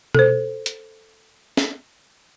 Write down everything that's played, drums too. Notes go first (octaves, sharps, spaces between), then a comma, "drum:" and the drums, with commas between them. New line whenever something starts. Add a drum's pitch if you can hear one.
A4 C5, drum: tom B2
drum: hi-hat
drum: snare